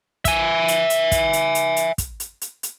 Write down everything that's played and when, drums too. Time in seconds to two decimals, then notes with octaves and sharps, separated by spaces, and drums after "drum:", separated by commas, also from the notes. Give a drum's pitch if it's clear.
0.25 E5 G#5, drum: kick, hi-hat
0.68 drum: hi-hat
0.90 drum: hi-hat
1.12 drum: kick, hi-hat
1.33 drum: hi-hat
1.55 drum: hi-hat
1.77 drum: hi-hat
1.98 drum: kick, hi-hat
2.20 drum: hi-hat
2.41 drum: hi-hat
2.63 drum: hi-hat